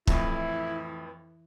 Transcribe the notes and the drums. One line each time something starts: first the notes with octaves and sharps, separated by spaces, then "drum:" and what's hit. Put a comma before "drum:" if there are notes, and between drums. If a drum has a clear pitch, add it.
F2 A2 E3 E4, drum: kick